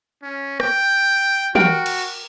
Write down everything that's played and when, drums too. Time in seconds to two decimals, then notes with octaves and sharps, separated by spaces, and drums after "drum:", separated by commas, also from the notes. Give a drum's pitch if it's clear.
0.23 C#4
0.60 G5, drum: rim click
1.55 F#4 A#4 G5, drum: tom
1.86 drum: cymbal